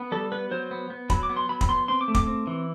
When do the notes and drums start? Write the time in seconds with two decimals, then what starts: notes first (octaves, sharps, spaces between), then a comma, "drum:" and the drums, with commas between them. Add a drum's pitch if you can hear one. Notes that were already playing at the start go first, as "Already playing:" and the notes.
Already playing: B3
0.12 G3 A4
0.32 B3 B4
0.51 F#3 C5
0.71 B3
0.90 B3
1.10 F#3 B5, drum: kick
1.23 D6
1.29 B3
1.37 C6
1.49 F#3 B5
1.61 B5, drum: kick
1.69 B3 C6
1.88 C4 C6
2.01 D6
2.08 A3
2.15 D6, drum: kick
2.27 C4
2.47 E3